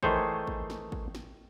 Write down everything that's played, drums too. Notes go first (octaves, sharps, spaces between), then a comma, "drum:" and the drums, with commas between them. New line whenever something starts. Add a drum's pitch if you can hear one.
D#3 E3 A3 G#4 C5 C#5, drum: kick
drum: kick
drum: snare
drum: kick
drum: snare